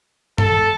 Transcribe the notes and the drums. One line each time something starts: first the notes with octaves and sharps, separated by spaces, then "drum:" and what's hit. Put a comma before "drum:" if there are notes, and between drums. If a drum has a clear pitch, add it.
A4, drum: tom G2